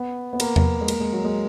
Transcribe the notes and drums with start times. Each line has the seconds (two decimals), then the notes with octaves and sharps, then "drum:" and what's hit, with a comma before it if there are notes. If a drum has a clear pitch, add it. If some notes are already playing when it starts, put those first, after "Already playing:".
Already playing: B3
0.33 B3
0.40 A#3, drum: cymbal
0.56 drum: tom E2
0.81 G#3
0.88 A#3, drum: cymbal
1.00 G#3
1.13 F#3
1.25 G#3